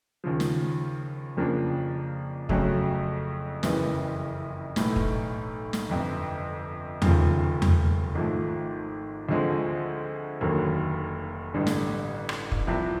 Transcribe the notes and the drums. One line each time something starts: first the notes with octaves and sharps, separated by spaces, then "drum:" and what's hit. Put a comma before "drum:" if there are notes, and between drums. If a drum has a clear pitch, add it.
D#2 C#3 F3
drum: snare
F2 C#3 F3 A#3 D4
F2 C#3 F#3 A3, drum: kick
F#1 F2 C#3 E3, drum: snare
B1 A2 E3 A3, drum: snare
drum: kick
drum: snare
G1 F2 C3
F1 D#2 C#3 F3, drum: tom E2
drum: tom E2
G#1 G#2 F3 A3
D2 D3 F3 G#3 C4
F1 D#2 D3 F#3 A#3
A1 G2 D3 G3
drum: snare
drum: rim click
drum: kick
C2 C3 F3